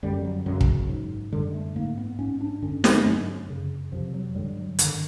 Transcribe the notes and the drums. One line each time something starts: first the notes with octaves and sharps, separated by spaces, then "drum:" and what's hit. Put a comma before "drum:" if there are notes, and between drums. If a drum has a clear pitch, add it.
F#2 D3 G3
F#3
F#2 C#3 F#3
drum: kick
G#2
F#2 D3 G3
A3
G#2 A#3
B3
G#2 C#4
D4
G2 D3 C#4
C4, drum: snare
G2 D3 F#3
F#2 C#3
F2 C3 F3
F#3
G2 D3 G3
F#3
G2 D3 D#3, drum: hi-hat